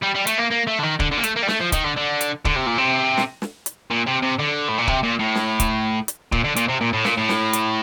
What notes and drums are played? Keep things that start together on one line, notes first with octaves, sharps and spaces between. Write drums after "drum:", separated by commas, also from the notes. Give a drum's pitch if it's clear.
G3
G3
A3, drum: hi-hat
A#3
A#3
A3
D3
D#3
D3, drum: kick
D3
A#3
A3, drum: hi-hat
A#3
G3
A3, drum: snare
F3
D#3, drum: kick, hi-hat
D3
D3
drum: hi-hat
D3, drum: kick
C3
A#2
C3
drum: snare
drum: snare
drum: hi-hat
A#2
C3
C3
D3
A2
A#2
C3, drum: kick
A#2
A2
drum: snare
drum: kick, hi-hat
drum: hi-hat
A#2, drum: kick
D3
A#2, drum: hi-hat
C3
A#2
A2
A#2, drum: snare
A2
drum: snare
drum: hi-hat